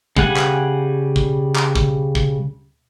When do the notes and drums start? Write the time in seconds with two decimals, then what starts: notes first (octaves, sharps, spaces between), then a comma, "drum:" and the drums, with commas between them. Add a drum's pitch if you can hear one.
0.17 C#3 G3 F#5 G#5, drum: kick
0.36 drum: clap
1.16 drum: kick
1.56 drum: clap
1.75 drum: kick
2.15 drum: kick